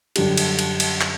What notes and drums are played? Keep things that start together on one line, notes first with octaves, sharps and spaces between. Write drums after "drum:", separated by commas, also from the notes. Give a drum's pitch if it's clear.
F#2 D3 G3 G4, drum: cymbal
drum: cymbal
drum: cymbal
drum: cymbal
drum: clap